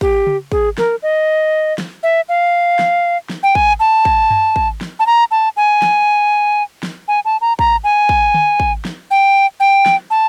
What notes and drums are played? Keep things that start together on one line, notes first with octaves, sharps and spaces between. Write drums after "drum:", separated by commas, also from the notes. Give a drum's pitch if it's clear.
G4, drum: kick
drum: tom C#3
G#4, drum: kick
A#4, drum: snare
D#5
drum: snare
E5
F5
drum: snare
drum: snare
G5
G#5, drum: kick
A5
drum: kick
drum: tom F#2
drum: kick
drum: snare
A5
A#5
A5
G#5
drum: snare
drum: snare
G#5
A5
A#5
A#5, drum: kick
G#5
drum: kick
drum: tom D3
drum: kick
drum: snare
G5
G5
drum: snare
A5